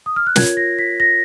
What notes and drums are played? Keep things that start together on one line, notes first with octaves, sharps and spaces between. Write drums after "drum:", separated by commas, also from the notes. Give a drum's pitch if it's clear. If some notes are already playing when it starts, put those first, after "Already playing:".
D#6
F6
F#6
F4 A#4 C#5 G#6, drum: snare
A#6
B6
A#6